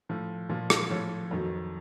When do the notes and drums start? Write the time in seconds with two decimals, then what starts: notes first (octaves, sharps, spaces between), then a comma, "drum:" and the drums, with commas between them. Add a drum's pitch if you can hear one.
0.09 A2 F3
0.49 A#2 F3
0.70 drum: rim click
0.90 A2 F3 C#5
1.31 F2 D#3 F#3